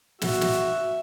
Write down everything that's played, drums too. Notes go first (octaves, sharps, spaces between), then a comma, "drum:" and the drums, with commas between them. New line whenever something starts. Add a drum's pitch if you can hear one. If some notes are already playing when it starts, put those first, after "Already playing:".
F#4 E5, drum: snare
drum: snare